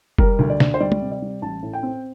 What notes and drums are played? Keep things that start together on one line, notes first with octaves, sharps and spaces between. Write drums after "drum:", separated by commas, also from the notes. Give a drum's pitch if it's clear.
G3 A#4, drum: kick F1
D2
D5
D2, drum: snare
C5
G3 D5
drum: tom
C3
D5
G3
A1 A5
A2
G5
C4